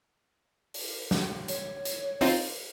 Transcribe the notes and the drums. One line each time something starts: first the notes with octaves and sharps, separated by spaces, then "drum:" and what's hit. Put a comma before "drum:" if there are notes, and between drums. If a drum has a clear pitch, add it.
drum: open hi-hat
drum: snare
C#5, drum: hi-hat
drum: hi-hat
C4 D#4 F4, drum: open hi-hat